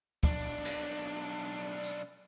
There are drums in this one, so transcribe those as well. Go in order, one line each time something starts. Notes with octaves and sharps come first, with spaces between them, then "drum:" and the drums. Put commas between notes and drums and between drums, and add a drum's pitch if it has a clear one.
B1 D4, drum: kick
drum: cymbal
drum: tambourine